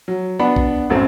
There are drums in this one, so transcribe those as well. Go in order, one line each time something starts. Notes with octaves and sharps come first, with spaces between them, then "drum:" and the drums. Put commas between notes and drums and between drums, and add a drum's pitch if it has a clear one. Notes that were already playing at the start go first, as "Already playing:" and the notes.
F#3
B3 D4 F#5 B5
drum: kick A#1
A1 F#2 A3 C4